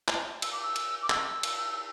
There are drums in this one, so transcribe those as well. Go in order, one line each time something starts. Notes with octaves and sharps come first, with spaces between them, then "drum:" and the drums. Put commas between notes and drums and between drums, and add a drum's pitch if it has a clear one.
drum: clap
E6, drum: cymbal
D6
E6
drum: cymbal
D6
E6, drum: clap
drum: cymbal